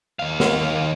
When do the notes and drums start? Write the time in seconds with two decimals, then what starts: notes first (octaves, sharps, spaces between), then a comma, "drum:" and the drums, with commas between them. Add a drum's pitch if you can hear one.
0.19 D#2 F5
0.40 drum: snare